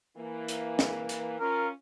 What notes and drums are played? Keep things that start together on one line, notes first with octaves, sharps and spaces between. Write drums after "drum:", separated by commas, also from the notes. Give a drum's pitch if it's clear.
E3 A#3
drum: hi-hat
drum: snare
drum: hi-hat
C#4 F4 A#4